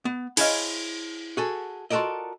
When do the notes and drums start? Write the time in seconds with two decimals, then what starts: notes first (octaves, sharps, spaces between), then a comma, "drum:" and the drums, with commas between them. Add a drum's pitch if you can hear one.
0.05 B3
0.37 E4 G#4 C5 C#5 D#5 F5, drum: cymbal
1.37 F#4 G#4 A4
1.90 F4 F#4 A4 A#4 D5 D#5